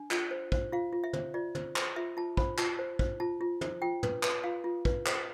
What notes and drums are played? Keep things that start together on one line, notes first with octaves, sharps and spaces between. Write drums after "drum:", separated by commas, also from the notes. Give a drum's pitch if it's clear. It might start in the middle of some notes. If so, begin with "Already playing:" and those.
Already playing: D4
F4, drum: clap
C5
C5, drum: kick
F4 F5
F4
E5
C5, drum: tom
F4 D5
C5, drum: tom
C5, drum: clap
F4 E5
F4 A5
C5 B5, drum: kick
F4 A5, drum: clap
C5
C5, drum: kick
F4 A5
F4
C5, drum: tom
F4 G5
B4, drum: tom
B4, drum: clap
F4 F5
F4
B4, drum: kick
C5, drum: clap